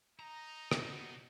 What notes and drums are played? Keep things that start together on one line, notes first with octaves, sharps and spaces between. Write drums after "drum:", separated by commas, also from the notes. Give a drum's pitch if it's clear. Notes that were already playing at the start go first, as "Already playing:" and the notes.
D#4 A#5
B2, drum: rim click